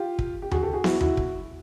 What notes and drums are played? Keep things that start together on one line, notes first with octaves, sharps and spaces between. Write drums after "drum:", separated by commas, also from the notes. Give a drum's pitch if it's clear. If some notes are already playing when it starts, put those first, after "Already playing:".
Already playing: F4 G4
drum: kick
G4
F#4 G#4, drum: tom D#2
G4 A4
F#4 G#4
E4 F#4, drum: snare B3
E4 F#4, drum: tom D#2
drum: kick